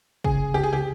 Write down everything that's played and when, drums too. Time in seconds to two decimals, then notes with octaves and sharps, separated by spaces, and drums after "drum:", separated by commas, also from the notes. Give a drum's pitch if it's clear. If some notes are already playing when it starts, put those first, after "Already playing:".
0.24 C#3 G#4, drum: kick
0.54 C#2 G4
0.63 G#4
0.73 G4